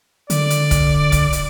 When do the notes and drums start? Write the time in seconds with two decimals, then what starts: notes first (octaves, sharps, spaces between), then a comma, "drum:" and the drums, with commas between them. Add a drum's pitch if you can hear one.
0.30 D3 D5, drum: hi-hat
0.50 drum: hi-hat
0.71 drum: kick, hi-hat
1.12 drum: kick, hi-hat
1.33 drum: hi-hat